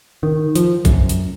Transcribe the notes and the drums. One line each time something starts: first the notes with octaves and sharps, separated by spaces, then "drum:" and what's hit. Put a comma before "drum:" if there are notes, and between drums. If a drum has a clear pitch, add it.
D#3
F3, drum: hi-hat
F#2, drum: kick A#1, hi-hat
drum: hi-hat